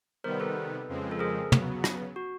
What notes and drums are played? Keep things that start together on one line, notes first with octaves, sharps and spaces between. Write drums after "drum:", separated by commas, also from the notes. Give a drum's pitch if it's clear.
C3 D#3 G3 B3 A#4 C5
A4 B4
F2 C#3 F3 G#3 C4
A4
G#4 A#4
C#3 F#3 B3, drum: tom
drum: rim click
F#4